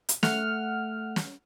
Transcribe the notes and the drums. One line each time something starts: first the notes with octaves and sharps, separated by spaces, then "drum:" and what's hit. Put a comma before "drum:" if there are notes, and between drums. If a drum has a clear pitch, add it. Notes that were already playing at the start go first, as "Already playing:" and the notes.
drum: hi-hat
A3 F#5 F6, drum: snare
drum: snare